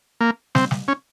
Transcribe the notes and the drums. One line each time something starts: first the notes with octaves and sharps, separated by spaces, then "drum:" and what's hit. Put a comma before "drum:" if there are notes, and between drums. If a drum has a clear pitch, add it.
A#3
C4, drum: snare
drum: snare
C#4